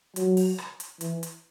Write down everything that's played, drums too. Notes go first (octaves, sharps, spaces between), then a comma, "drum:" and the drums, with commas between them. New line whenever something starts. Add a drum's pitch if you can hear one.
F#3, drum: hi-hat
drum: open hi-hat
drum: rim click
drum: hi-hat
E3, drum: hi-hat
drum: hi-hat